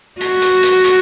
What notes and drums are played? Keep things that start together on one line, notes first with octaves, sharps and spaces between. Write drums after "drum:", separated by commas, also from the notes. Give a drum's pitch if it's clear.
F#4, drum: hi-hat
drum: hi-hat
drum: hi-hat
drum: hi-hat